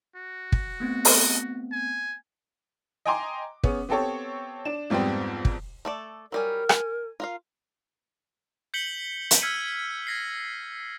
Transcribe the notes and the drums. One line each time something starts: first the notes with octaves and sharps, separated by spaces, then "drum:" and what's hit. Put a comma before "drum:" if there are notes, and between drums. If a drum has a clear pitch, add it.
F#4
drum: kick
A3 B3 C4
drum: open hi-hat
G#5
D#5 G5 G#5 A#5 C6 D6
B3 C#4 G#4, drum: kick
B3 C4 G4 A4 C#5
D4 E7
F2 G#2 G3 B3 C4
drum: kick
A3 A4 D5
F#3 G3 A#4 G#5
G#5, drum: rim click
F4 A#4 F5
G6 B6 C#7 F#7 G7
drum: hi-hat
E6 F6 G#6 B6 C#7 D#7
G#6 A#6 C7